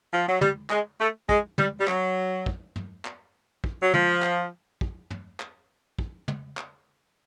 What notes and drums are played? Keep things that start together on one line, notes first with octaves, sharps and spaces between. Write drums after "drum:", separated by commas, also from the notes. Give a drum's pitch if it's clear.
F3
F#3
G3, drum: tom
G#3, drum: clap
A3
G#3, drum: kick
G3, drum: tom
G3
F#3, drum: clap
drum: kick
drum: tom
drum: clap
drum: kick
F#3
F3, drum: tom
drum: clap
drum: kick
drum: tom
drum: clap
drum: kick
drum: tom
drum: clap